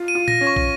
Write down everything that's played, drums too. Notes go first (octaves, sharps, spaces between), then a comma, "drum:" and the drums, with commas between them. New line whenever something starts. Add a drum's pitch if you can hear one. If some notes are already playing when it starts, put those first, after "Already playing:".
Already playing: F4
D#7
F4
A#6, drum: tom A#2
C#4
C#6
drum: kick